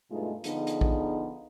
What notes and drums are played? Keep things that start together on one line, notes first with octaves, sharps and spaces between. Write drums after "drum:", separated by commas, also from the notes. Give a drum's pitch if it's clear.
G2 B2 G#3 A3 D#4 F4
D3 F3 B3 D#4 G#4, drum: hi-hat
drum: hi-hat
drum: kick